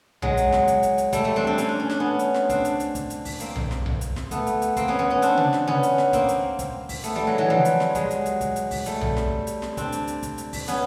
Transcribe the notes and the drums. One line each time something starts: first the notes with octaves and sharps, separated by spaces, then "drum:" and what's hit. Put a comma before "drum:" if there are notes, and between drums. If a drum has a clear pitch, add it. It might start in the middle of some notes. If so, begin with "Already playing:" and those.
F#3 G#3, drum: tom B1
drum: hi-hat
drum: snare
drum: kick, hi-hat
drum: hi-hat
drum: hi-hat
G3 A3, drum: kick, hi-hat
G3 A3
C4 D4
C4 D4
C#4, drum: hi-hat
D4
C#4
D4, drum: snare
B3 C#4
drum: hi-hat
drum: snare
C4 D4, drum: kick, hi-hat
drum: hi-hat
drum: hi-hat
drum: kick, hi-hat
drum: hi-hat
drum: kick, open hi-hat
A#3 C4, drum: hi-hat
drum: tom B1
drum: snare
drum: tom B1
drum: hi-hat
drum: snare
A3 B3, drum: kick, hi-hat
drum: hi-hat
drum: hi-hat
A#3 C4, drum: kick, hi-hat
B3 C#4
B3 C#4
B3 C#4
C4 D4, drum: hi-hat
drum: tom C3
drum: snare
B3 C#4, drum: tom C3
drum: hi-hat
drum: snare
A#3 C4, drum: kick, hi-hat
drum: hi-hat
drum: kick, hi-hat
drum: kick, open hi-hat
A3 B3, drum: hi-hat
G3 A3
F#3 G#3
E3 F#3
F3 G3, drum: tom C3
drum: hi-hat
drum: snare
F#3 G#3, drum: kick, hi-hat
drum: hi-hat
drum: hi-hat
drum: kick, hi-hat
drum: hi-hat
drum: kick, open hi-hat
G3 A3, drum: hi-hat
drum: tom B1
drum: snare
drum: hi-hat
drum: snare
C4 D4, drum: kick, hi-hat
drum: hi-hat
drum: hi-hat
drum: kick, hi-hat
drum: hi-hat
drum: kick, open hi-hat
B3 C#4, drum: hi-hat